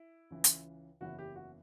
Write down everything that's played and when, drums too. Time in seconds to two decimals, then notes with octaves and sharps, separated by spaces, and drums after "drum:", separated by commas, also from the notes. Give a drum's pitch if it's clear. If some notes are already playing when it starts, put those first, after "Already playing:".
Already playing: E4
0.30 C#2 C#3 E3
0.44 drum: hi-hat
1.01 F#1 E2 C#3 E3 F#4
1.19 G4
1.36 F#4